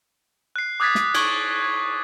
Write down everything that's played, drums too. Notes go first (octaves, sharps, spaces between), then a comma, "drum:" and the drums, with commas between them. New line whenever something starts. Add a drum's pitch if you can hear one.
F#6 C7
D6 D#6 F#6 G#6 A6 B6
drum: snare
C#6 F#6 G#6, drum: cymbal
G#6